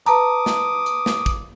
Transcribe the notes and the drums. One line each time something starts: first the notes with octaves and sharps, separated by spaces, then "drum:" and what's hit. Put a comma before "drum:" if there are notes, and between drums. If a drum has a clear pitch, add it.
B4 A5 A#5 D6 D#6, drum: hi-hat
drum: snare
drum: hi-hat
drum: snare
drum: kick, hi-hat